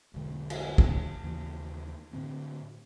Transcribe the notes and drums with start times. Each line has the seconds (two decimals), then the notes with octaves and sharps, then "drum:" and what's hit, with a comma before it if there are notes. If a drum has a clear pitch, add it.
0.14 E1 B1 D3 G#3
0.50 drum: cymbal
0.78 drum: kick
1.23 D#2 C#3 E3
2.13 A2 D3 C4